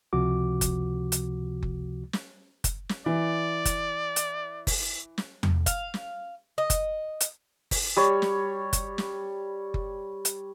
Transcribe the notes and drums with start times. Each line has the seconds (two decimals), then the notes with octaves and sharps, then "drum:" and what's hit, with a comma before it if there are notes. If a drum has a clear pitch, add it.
0.13 C#2 C3 F3 F#4 D6
0.61 drum: kick F#1, hi-hat
1.12 drum: hi-hat
1.63 drum: kick F#1
2.13 drum: snare
2.64 drum: kick F#1, hi-hat
2.89 drum: snare
3.06 E3 D5
3.65 drum: kick F#1, hi-hat
4.16 drum: hi-hat
4.67 drum: kick F#1, open hi-hat
5.18 drum: snare
5.43 drum: tom E2
5.66 F5, drum: kick F#1, hi-hat
5.94 drum: snare
6.58 D#5
6.70 drum: kick F#1, hi-hat
7.20 drum: hi-hat
7.71 drum: kick F#1, open hi-hat
7.97 G3 C#5
8.22 drum: snare
8.73 drum: kick F#1, hi-hat
8.98 drum: snare
9.74 drum: kick F#1
10.25 drum: hi-hat